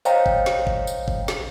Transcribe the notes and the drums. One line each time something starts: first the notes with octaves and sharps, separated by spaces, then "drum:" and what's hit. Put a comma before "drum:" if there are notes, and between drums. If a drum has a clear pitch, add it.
C5 C#5 D#5 F5 G5 A#5, drum: tambourine
drum: kick G1
drum: snare
drum: kick G1
drum: tambourine
drum: kick G1
drum: snare